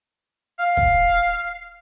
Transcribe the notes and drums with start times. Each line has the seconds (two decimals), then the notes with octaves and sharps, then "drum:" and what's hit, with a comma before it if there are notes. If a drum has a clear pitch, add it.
0.59 F5
0.77 drum: kick